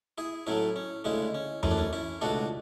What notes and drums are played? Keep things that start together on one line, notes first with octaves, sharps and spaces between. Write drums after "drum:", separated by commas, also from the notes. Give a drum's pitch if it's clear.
E4 G#4
A2 F#3 A3 C#4 E4
C#4
D2 C#3 G#3 C#4 E4
C#4
F#2 E3 A3 C#4, drum: tom F2
D4
C#4
C#4 E4
C#2 B2 A3 D4 F#4